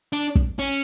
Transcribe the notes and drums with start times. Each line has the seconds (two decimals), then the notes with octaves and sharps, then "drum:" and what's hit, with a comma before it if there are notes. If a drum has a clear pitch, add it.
0.13 D4
0.35 drum: kick
0.59 C#4